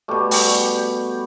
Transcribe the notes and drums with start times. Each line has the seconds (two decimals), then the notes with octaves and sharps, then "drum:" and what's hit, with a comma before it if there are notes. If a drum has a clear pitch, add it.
0.08 B2 G3 A3 G4
0.31 G3 G4, drum: open hi-hat